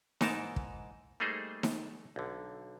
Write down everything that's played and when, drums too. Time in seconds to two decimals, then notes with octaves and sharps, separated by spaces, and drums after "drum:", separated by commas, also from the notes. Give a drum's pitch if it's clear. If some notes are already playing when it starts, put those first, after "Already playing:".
0.21 G#2 E3 D#4 A#4 A5, drum: snare D#4
0.56 drum: kick
1.20 G3 A3 A#3 D#4 G#4 C5
1.63 drum: snare D#4
2.16 B1 D3